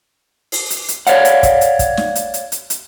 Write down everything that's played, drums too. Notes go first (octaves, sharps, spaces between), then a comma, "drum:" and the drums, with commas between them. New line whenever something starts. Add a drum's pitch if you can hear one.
drum: open hi-hat
drum: hi-hat
drum: hi-hat
C#5 D5 F5 F#5, drum: hi-hat
drum: hi-hat
drum: kick, hi-hat
drum: hi-hat
drum: kick, hi-hat
drum: snare
drum: hi-hat
drum: hi-hat
drum: hi-hat
drum: hi-hat